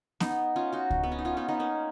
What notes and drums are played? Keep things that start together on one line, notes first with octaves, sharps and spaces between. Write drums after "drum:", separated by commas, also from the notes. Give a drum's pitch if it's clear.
B3 D#4, drum: snare B3
C#4 F4
D#4 F#4
drum: kick C#2
B3
C#4
D#4
C#4 F4
B3 D#4
B3 D#4
A#3 C#4